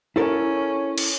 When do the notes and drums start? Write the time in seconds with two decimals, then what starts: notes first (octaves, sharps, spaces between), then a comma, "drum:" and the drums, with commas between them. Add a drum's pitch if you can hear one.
0.16 C#4 E4 A4 A#4
0.98 drum: cymbal